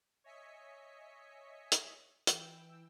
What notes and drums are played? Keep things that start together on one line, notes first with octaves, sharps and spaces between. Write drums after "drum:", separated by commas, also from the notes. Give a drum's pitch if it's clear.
C#5 D#5 E5 G#5 B6 C#7
drum: hi-hat
E3 G5 E6, drum: hi-hat